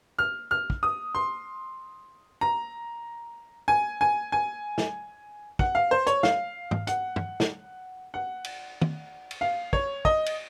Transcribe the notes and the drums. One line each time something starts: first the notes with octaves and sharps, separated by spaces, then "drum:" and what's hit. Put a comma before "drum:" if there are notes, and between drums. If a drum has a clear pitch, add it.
F6
F6
drum: kick
D#6
C6
A#5
G#5
G#5
G#5
drum: snare
F#5, drum: kick
F5
C5
C#5, drum: hi-hat
F5, drum: snare
drum: tom G#2
F#5, drum: hi-hat
drum: tom
drum: snare
F#5
drum: cymbal
drum: tom
drum: cymbal
F5
C#5, drum: kick
D#5, drum: kick
drum: cymbal